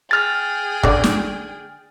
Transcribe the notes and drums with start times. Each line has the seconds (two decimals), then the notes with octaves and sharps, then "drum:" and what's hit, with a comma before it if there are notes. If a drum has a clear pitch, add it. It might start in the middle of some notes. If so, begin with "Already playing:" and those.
0.11 G#4 G5 F6 A6
0.83 D3 D5, drum: kick
1.04 drum: snare